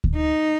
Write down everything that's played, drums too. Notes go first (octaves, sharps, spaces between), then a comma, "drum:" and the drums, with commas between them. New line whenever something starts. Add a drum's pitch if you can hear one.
drum: kick D2
D#4